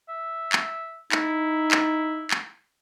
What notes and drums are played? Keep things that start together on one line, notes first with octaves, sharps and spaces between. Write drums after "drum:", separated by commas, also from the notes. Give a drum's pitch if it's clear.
E5
drum: clap
D#4 E4, drum: clap
drum: clap
drum: clap